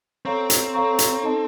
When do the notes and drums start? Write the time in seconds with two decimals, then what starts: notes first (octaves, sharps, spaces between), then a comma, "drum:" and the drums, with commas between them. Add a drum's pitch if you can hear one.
0.25 C4 A4 C#5 F5 A#5 C#6
0.50 drum: hi-hat
0.74 A4 C#5 F5 A#5 C#6
0.99 drum: hi-hat
1.22 D#4 A4 D#5 A5